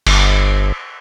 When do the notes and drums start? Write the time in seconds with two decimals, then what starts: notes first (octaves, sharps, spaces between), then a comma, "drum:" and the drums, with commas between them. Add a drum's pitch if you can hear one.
0.07 G1, drum: cymbal